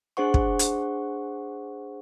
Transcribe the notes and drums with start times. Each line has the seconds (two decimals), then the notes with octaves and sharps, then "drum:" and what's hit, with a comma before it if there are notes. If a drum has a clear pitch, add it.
0.17 D4 G#4 C5 F#5 C#6
0.34 drum: kick
0.59 drum: hi-hat